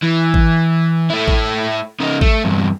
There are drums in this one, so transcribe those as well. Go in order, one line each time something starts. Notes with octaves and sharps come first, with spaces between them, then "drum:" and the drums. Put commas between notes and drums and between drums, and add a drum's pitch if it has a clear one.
E3
drum: kick G#1
A3 E4
drum: kick G#1
C#3 D#4
A3, drum: kick G#1
E2 G2